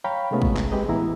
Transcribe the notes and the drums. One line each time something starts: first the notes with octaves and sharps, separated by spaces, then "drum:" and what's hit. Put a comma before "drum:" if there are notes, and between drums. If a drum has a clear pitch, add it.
C#5 F5 G5 A#5 B5
C3 G#3 A3 B3 C#4 F4
drum: kick
drum: clap
G#3 C4 G4 B4 D#5
A2 E3 B3 E4 A#5